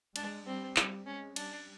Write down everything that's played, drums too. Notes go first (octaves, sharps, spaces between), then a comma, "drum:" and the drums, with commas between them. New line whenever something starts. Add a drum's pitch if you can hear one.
G#3 D4, drum: cymbal
G3 C4
G3, drum: clap
G#3 C#4
G3 D4, drum: cymbal